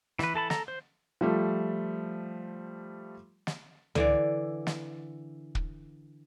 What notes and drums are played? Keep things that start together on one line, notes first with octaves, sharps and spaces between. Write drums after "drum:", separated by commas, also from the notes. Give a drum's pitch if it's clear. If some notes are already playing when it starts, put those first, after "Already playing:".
E3 B4, drum: snare
E3 A4 A5 B5
A4 A#5, drum: snare
C5
F3 G3 A3
drum: snare
D3 E3 D5, drum: tom
drum: snare
drum: kick